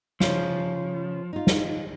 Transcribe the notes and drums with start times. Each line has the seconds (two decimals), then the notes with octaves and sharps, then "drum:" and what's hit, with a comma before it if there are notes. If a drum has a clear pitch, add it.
0.20 C#3 F3, drum: snare
1.33 D#4 F4
1.47 drum: snare